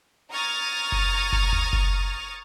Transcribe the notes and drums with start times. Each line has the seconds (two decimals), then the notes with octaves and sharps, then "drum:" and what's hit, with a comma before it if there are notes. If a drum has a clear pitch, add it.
0.32 A#5 C#6 D#6 F6 G#6 A6
0.92 drum: kick F#1
1.33 drum: kick F#1
1.53 drum: tom D2
1.73 drum: kick F#1